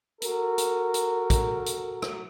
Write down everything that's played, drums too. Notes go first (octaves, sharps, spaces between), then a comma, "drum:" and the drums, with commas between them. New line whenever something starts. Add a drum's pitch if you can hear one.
F#4 A4 A#4, drum: hi-hat
drum: hi-hat
drum: hi-hat
drum: kick, hi-hat
drum: hi-hat
drum: rim click